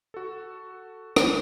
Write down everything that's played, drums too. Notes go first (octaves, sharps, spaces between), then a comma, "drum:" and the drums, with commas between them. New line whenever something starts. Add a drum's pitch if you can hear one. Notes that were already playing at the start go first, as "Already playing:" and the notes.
F#4 A4
drum: rim click